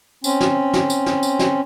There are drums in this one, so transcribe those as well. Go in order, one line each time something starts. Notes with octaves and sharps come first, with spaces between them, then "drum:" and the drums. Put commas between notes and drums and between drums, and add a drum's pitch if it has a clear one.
C4 C#4, drum: tambourine
drum: snare
drum: snare
drum: tambourine
drum: snare
drum: tambourine
drum: snare